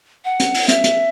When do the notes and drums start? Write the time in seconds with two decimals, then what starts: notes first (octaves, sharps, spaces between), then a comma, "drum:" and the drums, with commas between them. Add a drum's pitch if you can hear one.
0.25 F#5
0.40 drum: hi-hat
0.54 drum: open hi-hat
0.69 E5, drum: hi-hat
0.84 drum: hi-hat